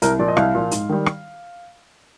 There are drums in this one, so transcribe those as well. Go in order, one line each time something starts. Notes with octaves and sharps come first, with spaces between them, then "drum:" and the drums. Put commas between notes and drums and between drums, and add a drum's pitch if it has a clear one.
C2 A#4, drum: hi-hat
A#2 F3 D5
D#5
C2 F5, drum: rim click
A#2 F3
G#2, drum: hi-hat
D#3 G3
drum: rim click